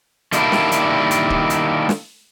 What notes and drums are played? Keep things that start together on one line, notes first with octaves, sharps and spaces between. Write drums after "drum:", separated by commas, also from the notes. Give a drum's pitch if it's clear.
D#3 G3 A#3 D4 E4, drum: hi-hat
drum: snare
drum: hi-hat
drum: hi-hat
drum: kick D1
drum: hi-hat
drum: snare